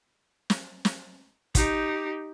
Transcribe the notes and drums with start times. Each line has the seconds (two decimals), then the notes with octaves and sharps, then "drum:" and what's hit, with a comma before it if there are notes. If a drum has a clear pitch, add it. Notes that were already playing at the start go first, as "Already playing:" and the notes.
0.50 drum: snare
0.85 drum: snare
1.55 D#4 G4, drum: kick, hi-hat